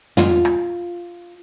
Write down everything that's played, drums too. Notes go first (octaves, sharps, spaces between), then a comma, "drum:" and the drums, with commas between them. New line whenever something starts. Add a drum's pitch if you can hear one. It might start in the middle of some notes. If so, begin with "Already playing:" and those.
F4, drum: tom
drum: rim click